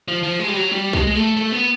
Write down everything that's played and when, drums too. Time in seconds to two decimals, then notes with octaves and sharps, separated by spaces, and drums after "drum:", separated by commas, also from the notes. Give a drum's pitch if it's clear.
0.08 F3
0.23 F3
0.39 G#3
0.48 G3
0.56 F#3
0.72 G3
0.93 G#3, drum: kick
1.07 G#3
1.15 A3
1.37 A3
1.52 B3